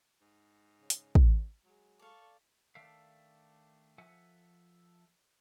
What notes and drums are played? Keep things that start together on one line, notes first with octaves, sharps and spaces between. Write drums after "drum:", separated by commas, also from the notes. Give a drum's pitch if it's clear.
G#2
C#3
drum: hi-hat
drum: kick
F#3 G#3
A4 D5 F5 C#6
D#3 A3 D4 A4 E5 F5
F3 A4 E5 F#5 G#5